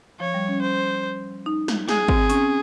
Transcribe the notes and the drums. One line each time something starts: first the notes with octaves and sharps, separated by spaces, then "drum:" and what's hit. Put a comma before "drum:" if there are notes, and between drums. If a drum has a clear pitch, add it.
F3 C#5
G3
C#4
C5
D#4
drum: snare
G#4, drum: snare
C4, drum: kick
C#4, drum: hi-hat